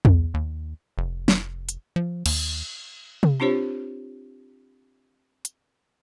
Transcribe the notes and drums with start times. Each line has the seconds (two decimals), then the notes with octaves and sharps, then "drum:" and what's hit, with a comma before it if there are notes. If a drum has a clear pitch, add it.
0.05 C2, drum: tom E2
0.34 D#2
0.98 F1
1.28 drum: snare
1.69 drum: hi-hat
1.96 F3
2.26 D#2, drum: cymbal
3.23 drum: tom C3
3.40 C4 D4 F4 G4 C5 C#5
5.45 drum: hi-hat